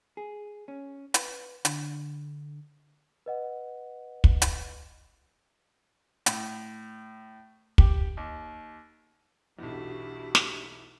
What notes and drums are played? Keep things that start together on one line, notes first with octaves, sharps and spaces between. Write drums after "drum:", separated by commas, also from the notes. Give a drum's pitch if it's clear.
G#4
C#4
B4, drum: hi-hat
D3, drum: hi-hat
B4 D#5 F#5
drum: kick
drum: hi-hat
A2, drum: hi-hat
G4, drum: kick
D#2
B1 E2 B2 D4 E4 F#4 G4
drum: snare